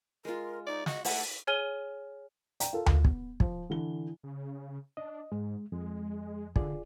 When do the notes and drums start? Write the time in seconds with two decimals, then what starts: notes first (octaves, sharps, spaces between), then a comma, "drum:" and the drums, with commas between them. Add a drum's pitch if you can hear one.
0.25 G#3 F4 A#4
0.67 D#4 D5
0.86 F#4 D#5, drum: snare
1.05 A3 E4 A4 F#5, drum: open hi-hat
1.47 G#4 C#5 G#5 F6 D#7 G7
2.60 D5 G5 A#5, drum: hi-hat
2.73 F4 A4 A#4
2.86 drum: tom D2
3.05 B3, drum: kick
3.40 F3, drum: kick
3.70 D3 E3 G7
4.23 C#3
4.97 D4 D#5
5.32 G#2 G#3
5.72 F2 G#3
6.56 D3 F4 G#4 D5, drum: kick